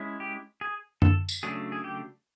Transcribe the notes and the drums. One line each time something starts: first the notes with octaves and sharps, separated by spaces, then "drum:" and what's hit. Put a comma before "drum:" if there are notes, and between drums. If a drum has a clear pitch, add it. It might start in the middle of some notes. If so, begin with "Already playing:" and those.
Already playing: G#3 C#4 E4
G4
G#4
A4, drum: tom F#2
drum: tambourine
C#3 F#3 A3 D4 G#4
G#4
G4